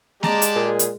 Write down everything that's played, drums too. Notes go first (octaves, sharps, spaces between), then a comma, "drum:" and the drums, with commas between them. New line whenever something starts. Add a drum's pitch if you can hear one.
G#3 G4 D5 A5 A#5, drum: snare A#3
drum: hi-hat
A#2 G#4
drum: hi-hat